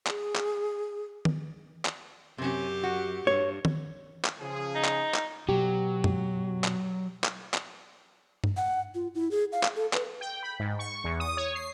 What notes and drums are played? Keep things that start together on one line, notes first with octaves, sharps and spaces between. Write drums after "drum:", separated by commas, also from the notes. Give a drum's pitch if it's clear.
G#4, drum: clap
drum: clap
drum: tom D#3
drum: clap
F#2 C3 C#4 G4
F#4
G2 C#5
drum: tom D#3
drum: clap
C#3 F3 G#4
D#4
drum: clap
drum: clap
B2 F#3 G4
drum: tom F#2
drum: clap
drum: clap
drum: clap
drum: tom G2
F#5
F4
E4
G#4
F5
drum: clap
A4
B4, drum: clap
G5
B5
G#2
C#6
E2
D#6
C#5
C7